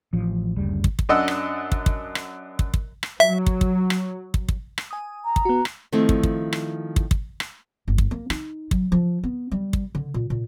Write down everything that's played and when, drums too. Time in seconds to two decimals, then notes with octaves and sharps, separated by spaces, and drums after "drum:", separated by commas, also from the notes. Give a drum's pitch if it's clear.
0.13 A1 F3
0.56 F#1 D2 C#3 G3
0.84 drum: kick
0.99 drum: kick
1.09 F#2 D4 D#5 F#5 E6
1.28 drum: rim click
1.72 drum: kick
1.86 drum: kick
2.15 drum: rim click
2.59 drum: kick
2.74 drum: kick
3.03 drum: rim click
3.20 F#3 E5
3.46 drum: kick
3.61 drum: kick
3.90 drum: rim click
4.34 drum: kick
4.49 drum: kick
4.78 drum: rim click
4.91 G#5 D#6
5.25 A#5
5.36 drum: kick
5.45 B3 F#4
5.65 drum: rim click
5.92 D#3 F3 A3 C4 E4
6.09 drum: kick
6.23 drum: kick
6.53 drum: rim click
6.96 drum: kick
7.11 drum: kick
7.40 drum: rim click
7.88 G1
7.98 drum: kick
8.11 A#3
8.30 D#4, drum: rim click
8.71 F#3, drum: kick
8.92 F3
9.23 B3
9.52 G3
9.73 drum: kick
9.95 D3
10.14 A#2
10.30 A#2